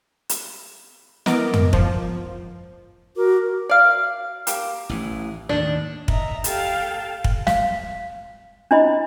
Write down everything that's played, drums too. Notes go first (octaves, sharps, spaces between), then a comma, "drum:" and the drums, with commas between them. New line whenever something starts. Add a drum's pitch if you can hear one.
drum: hi-hat
E3 B3 A#4 D#5 D6, drum: snare
drum: tom F2
F3, drum: kick
F#4 A#4 D6
D5 F5
A#3 G4, drum: hi-hat
A1 E3
D#2 A2 D#3 D4
D#5 E5 A#5, drum: kick
G4 A4 F5 G5 A5, drum: hi-hat
drum: kick
F5, drum: snare
D4 E4 D#5 B5